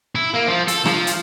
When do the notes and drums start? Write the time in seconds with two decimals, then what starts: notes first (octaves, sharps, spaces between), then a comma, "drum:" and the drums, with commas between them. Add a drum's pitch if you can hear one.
0.15 E4
0.34 A#3
0.48 F3
0.68 A4, drum: hi-hat
0.86 F3, drum: rim click
1.07 drum: hi-hat